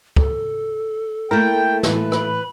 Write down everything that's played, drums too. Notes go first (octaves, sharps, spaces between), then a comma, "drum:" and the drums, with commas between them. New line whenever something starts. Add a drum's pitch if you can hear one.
A4, drum: kick
A3 A#3 E4 A#4 G5
A2 E3 B4, drum: snare
B5, drum: rim click